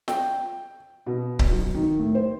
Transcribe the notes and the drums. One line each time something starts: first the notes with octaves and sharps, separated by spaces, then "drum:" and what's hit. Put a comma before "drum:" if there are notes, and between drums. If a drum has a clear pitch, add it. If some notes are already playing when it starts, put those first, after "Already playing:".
G5, drum: snare
B2
drum: kick C#1
F#3
D#3
A2
C5